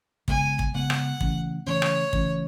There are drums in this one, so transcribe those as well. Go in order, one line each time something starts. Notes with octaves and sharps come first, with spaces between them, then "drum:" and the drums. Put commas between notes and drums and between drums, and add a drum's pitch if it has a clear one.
C#3 G#3 B3 G#5, drum: kick
drum: kick
C#3 G#3 B3 F#5
drum: rim click
C#3 E3 A3 C#4, drum: kick
C#3 E3 A3 C#4 C#5
drum: rim click
C#3 E3 A3 C#4, drum: kick